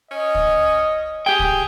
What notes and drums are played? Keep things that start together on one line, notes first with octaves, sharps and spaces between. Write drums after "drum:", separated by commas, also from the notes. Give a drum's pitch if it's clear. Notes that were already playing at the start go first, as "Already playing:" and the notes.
C#4 D#5
drum: kick
G4 G#4 G5
drum: kick